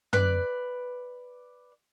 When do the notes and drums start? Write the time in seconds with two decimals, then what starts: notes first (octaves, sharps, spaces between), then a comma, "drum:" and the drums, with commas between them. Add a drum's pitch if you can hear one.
0.13 B4 D5 F#6, drum: tom